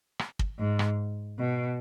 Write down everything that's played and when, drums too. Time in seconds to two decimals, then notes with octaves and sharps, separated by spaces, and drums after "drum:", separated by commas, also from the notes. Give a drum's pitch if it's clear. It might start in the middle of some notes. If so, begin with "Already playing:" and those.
0.19 drum: rim click
0.39 drum: kick
0.59 G#2
0.79 drum: rim click
1.39 B2